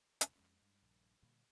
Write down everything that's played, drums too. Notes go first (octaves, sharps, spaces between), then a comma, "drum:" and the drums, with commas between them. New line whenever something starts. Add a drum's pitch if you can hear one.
E2 C3 G#3 A3, drum: hi-hat
F2 G#3 C#4
G2 G#3
A#1 G2 D#3
A#2 D3 G3 A#3